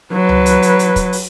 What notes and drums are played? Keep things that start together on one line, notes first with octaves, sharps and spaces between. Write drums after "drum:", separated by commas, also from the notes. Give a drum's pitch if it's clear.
F#3 B4
drum: tom C#2
drum: hi-hat
drum: hi-hat
drum: hi-hat
drum: kick, hi-hat
drum: open hi-hat